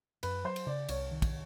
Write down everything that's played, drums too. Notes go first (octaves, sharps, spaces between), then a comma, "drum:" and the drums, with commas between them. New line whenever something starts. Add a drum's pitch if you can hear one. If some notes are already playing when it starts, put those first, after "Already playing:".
F#2 B4, drum: cymbal
F#3 C5
drum: cymbal
C#3 D5
C2 C#5, drum: cymbal
D#3
drum: kick, cymbal